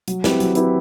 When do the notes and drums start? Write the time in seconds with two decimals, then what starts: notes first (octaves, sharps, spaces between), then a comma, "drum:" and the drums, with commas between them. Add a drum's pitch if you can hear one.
0.08 F#3, drum: hi-hat
0.24 C4 E4 G4 B4, drum: snare
0.40 F#3, drum: hi-hat
0.55 C4 E4 G4 B4, drum: hi-hat